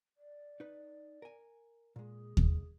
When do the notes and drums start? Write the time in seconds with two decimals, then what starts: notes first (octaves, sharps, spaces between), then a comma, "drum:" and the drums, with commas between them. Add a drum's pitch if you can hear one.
0.17 D5
0.60 D#4 B4
1.22 A#4 G#5
1.96 A#2 G#3 G#4
2.37 C2, drum: kick D#2